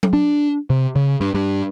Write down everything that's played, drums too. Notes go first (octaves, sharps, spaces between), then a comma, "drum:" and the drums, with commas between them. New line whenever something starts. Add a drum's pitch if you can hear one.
drum: tom F#3
D4
C3
C#3
G2
G2